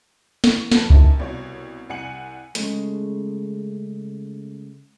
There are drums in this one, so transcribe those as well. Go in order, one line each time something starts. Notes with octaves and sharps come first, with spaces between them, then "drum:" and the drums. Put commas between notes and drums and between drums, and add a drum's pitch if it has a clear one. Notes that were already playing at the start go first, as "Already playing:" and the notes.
E3 C#6, drum: snare
F3 A4 B4, drum: snare
C#4 D#4 E4 G4 A#4 A5, drum: kick C#2
C2 B2 C#5
C2 F#5 G#5 C#7 F#7
C#3 G#3 A3, drum: hi-hat